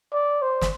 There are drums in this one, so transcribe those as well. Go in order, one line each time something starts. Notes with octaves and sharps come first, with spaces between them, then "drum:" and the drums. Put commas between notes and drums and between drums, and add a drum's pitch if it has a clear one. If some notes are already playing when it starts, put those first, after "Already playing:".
D5
C5
drum: snare